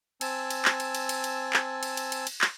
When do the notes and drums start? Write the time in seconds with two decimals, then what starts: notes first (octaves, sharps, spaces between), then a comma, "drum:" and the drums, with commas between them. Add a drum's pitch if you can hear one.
0.21 C4 G#5 A5 E6, drum: cymbal
0.50 drum: cymbal
0.65 drum: clap
0.80 drum: cymbal
0.95 drum: cymbal
1.09 drum: cymbal
1.24 drum: cymbal
1.53 drum: clap
1.83 drum: cymbal
1.97 drum: cymbal
2.12 drum: cymbal
2.27 drum: cymbal
2.41 drum: clap